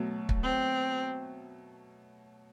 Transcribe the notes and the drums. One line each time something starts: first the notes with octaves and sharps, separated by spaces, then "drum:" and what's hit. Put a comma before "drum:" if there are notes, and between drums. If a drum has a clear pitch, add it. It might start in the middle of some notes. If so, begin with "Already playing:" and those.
Already playing: B2 F#3 A3
drum: kick
C4